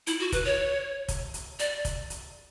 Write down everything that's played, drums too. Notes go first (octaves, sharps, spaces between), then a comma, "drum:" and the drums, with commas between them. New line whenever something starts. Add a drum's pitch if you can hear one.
E4, drum: hi-hat
F#4
B4, drum: kick, hi-hat
C#5
drum: kick, hi-hat
drum: hi-hat
D5, drum: hi-hat
drum: kick, hi-hat
drum: hi-hat